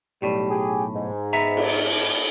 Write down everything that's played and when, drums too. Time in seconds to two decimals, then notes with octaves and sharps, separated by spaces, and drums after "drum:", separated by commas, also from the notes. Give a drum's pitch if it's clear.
0.22 B1 A2 G3
0.51 G4 G#4
0.95 G#2
1.33 B3 E5 A#5
1.57 drum: cymbal
1.98 drum: open hi-hat